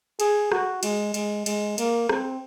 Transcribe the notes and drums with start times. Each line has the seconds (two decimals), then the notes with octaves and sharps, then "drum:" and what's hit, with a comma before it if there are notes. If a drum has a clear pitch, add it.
0.20 G#4, drum: cymbal
0.52 F#4, drum: rim click
0.83 G#3, drum: cymbal
1.14 G#3, drum: cymbal
1.46 G#3, drum: cymbal
1.78 A#3, drum: cymbal
2.09 C4, drum: rim click